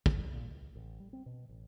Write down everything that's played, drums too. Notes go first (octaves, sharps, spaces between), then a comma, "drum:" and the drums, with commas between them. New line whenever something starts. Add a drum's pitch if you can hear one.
G2, drum: kick
D2
A#2
C#2
A1
G3
C4
B2
A1